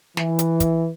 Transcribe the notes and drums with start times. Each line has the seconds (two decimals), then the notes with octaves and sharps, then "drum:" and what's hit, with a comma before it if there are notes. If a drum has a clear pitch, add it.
0.17 E3, drum: snare
0.39 drum: hi-hat
0.60 drum: kick, hi-hat